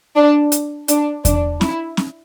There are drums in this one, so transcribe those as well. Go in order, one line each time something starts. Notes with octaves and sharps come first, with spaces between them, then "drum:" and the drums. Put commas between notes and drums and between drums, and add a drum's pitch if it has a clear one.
D4
drum: hi-hat
D4, drum: hi-hat
D4, drum: kick E2, hi-hat
E4, drum: snare
drum: snare